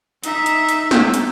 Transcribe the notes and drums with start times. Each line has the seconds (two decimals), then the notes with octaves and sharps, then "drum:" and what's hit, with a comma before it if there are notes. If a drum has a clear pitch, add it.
0.24 D#4 E5, drum: hi-hat
0.46 drum: hi-hat
0.69 drum: hi-hat
0.91 drum: snare
1.14 drum: hi-hat